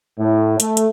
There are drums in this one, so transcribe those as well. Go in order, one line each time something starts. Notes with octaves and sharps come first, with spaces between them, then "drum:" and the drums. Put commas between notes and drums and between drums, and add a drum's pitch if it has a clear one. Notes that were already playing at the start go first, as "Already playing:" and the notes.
A2
A3, drum: hi-hat
drum: hi-hat